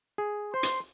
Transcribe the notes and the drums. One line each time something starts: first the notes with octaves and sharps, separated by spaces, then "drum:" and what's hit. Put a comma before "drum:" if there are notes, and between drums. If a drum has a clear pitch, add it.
G#4
C5 C6
drum: hi-hat